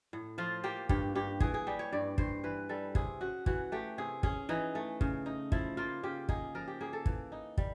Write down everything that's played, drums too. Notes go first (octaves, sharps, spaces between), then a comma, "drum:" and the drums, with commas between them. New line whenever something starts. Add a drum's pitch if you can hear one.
A2
F3 F4
A#3 G4
G2 G4, drum: kick
G2 G4
E3 G#4, drum: kick
G#4
G3 G4
C#5
G2 D5
G2 C5, drum: kick
E3 B4
G3 A4
C3 G#4, drum: kick
C#4 F#4
E3 F#4, drum: kick
A3 G4
C3 G#4
C#4 G#4, drum: kick
E3 D#4
A3
C#3, drum: kick
D#4
F3 E4, drum: kick
A#3 F4
C#3 G4
D#4 G#4, drum: kick
F3 A#4
G4
A#3 G#4
A4
E3, drum: kick
D#4
G3, drum: kick